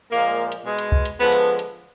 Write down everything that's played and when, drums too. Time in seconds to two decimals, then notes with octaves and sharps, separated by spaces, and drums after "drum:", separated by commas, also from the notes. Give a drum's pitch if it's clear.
0.11 A#2 F3 G#3 A#3
0.52 drum: hi-hat
0.65 B2 G#3
0.79 drum: hi-hat
0.92 drum: kick
1.05 drum: hi-hat
1.19 D3 F3 G#3 B3
1.32 drum: hi-hat
1.59 drum: hi-hat